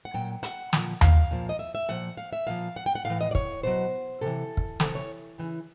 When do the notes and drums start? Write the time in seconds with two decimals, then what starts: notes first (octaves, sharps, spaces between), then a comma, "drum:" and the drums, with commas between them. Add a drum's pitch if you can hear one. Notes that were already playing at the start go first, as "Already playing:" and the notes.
0.05 F#5
0.14 A#2 F#3 G5
0.43 F#5, drum: hi-hat
0.73 A#2 F3, drum: snare
1.01 F5, drum: tom D#2
1.31 A#2 F3
1.49 D#5
1.59 E5
1.75 E5
1.88 A#2 F3 F#5
2.17 F5
2.33 E5
2.47 A#2 F3 F5
2.76 F#5
2.86 G5
2.95 F#5
3.05 A2 E3 F5
3.21 D#5
3.31 D5
3.35 C#5, drum: kick
3.63 B2 F#3 C5
4.21 C3 E3 A4
4.57 drum: kick
4.80 C3 E3 A4, drum: snare
4.95 C#5
5.38 C#3 E3